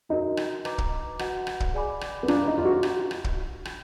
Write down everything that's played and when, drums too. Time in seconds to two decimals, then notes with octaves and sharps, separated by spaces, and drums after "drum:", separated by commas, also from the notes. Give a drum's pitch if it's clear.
0.09 D4 D#4 F#4 A#4
0.37 drum: rim click
0.65 B4 D#5 A#5 D6, drum: rim click
0.78 drum: kick
1.19 F#4 B4 D#5 F#5, drum: rim click
1.47 drum: rim click
1.60 drum: kick
1.74 G#4 D5 G#5 B5 D6
2.01 drum: rim click
2.23 B3
2.28 D4 B4 D5 F5 A#5 D6, drum: rim click
2.48 D#4
2.58 F4
2.65 F#4
2.83 D4, drum: rim click
3.11 drum: rim click
3.24 drum: kick
3.65 drum: rim click